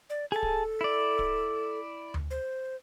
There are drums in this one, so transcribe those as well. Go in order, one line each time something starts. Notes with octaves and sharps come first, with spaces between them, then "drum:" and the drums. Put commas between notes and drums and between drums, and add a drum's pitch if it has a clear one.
D5
G#4 A4 A5
drum: kick D1
E4 D5
drum: kick D1
drum: tom D2
C5